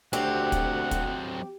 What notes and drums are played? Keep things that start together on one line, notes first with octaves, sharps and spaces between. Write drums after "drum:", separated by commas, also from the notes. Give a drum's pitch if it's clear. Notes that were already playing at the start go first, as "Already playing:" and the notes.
D2 F#3 C4 G4 F#5, drum: hi-hat
drum: kick, hi-hat
drum: kick, hi-hat